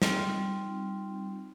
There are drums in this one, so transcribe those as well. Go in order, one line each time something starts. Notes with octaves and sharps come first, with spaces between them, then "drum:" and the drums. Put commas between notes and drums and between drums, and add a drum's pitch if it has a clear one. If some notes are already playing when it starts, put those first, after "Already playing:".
G3 C4 D#4 F4, drum: snare